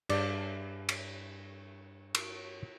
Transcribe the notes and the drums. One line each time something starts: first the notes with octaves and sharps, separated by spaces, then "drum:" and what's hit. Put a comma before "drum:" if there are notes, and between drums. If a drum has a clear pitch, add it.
G2 D5, drum: cymbal
drum: cymbal
drum: cymbal